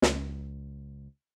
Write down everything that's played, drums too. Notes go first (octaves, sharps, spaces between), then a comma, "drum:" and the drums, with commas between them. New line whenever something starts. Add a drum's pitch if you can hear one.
C#2, drum: snare